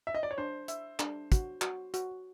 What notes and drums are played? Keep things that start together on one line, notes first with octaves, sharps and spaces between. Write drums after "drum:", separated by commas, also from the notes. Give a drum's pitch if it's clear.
E5
D#5
D5
C#5
D4 C5
E5, drum: hi-hat
D4, drum: clap
F#4, drum: kick, hi-hat
F#4, drum: clap
F#4, drum: hi-hat